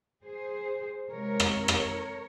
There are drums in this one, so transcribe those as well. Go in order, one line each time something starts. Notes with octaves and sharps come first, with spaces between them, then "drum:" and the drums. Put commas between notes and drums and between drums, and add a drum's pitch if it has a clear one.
G#4 C5
C3 E3 G#3 A#4 C#5
drum: rim click
drum: rim click